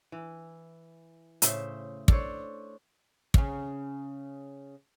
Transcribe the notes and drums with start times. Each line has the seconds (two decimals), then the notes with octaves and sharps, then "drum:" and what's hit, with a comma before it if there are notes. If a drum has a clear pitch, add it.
0.12 E3
1.42 A2 C#3 C5 E5, drum: hi-hat
2.08 D4 A4 C5 C#5, drum: kick
3.34 C#3 C#4, drum: kick